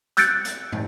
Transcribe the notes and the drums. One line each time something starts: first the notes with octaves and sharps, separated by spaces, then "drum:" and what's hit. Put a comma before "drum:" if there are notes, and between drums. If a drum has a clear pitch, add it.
E6 F#6 G6 A6 C#7 D7, drum: hi-hat
drum: hi-hat
drum: tom